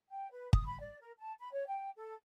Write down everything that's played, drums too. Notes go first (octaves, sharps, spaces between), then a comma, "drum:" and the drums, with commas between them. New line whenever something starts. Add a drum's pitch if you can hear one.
G5
B4
D#6, drum: kick
B5
D5
A#4
A5
B5
C#5
G5
A4